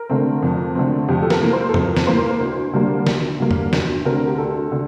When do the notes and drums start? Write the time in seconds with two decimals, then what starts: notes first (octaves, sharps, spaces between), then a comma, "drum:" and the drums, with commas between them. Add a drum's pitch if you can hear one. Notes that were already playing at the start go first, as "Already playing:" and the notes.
Already playing: A#4
0.09 D3 A3 C4
0.43 F2
0.75 D3 A3 C4
1.08 F2 G4
1.22 A4
1.30 A#4, drum: snare
1.41 E3 A#3
1.53 C5
1.69 A4
1.74 F2 A#4, drum: tom E2
1.97 drum: snare
2.07 E3 A#3 C5
2.18 A#4
2.29 C5
2.40 D2
2.73 D3 G3 A#3
3.07 D2, drum: snare
3.40 D3 G3 A#3
3.51 drum: tom E2
3.73 D2, drum: snare
4.05 D3 A3 C4 A#4
4.27 G4
4.38 D2 A4
4.72 D3